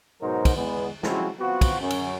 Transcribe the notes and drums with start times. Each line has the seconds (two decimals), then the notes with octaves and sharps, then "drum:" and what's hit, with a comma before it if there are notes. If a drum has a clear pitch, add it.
0.21 G#2 B2 F#3 D#4 A#4 C5
0.45 drum: kick, cymbal
0.56 E2 G#3 B3
1.03 F3 G#3 C4 C#4 E4 F#4, drum: snare
1.39 B3 C4 F4 F#4
1.61 drum: kick, cymbal
1.80 F#2 C#4
1.90 drum: cymbal